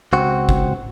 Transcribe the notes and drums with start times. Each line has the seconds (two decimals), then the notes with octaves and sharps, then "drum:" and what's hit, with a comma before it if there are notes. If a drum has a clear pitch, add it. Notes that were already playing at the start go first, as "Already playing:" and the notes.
0.13 C#2 C4 F#4
0.49 drum: kick